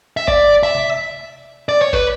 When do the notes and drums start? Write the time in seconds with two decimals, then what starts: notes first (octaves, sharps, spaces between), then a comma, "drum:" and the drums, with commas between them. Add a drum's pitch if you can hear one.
0.17 E5
0.28 D5, drum: kick G1
0.63 E5
0.75 drum: tom C3
1.69 D5
1.82 C#5
1.93 B4, drum: kick G1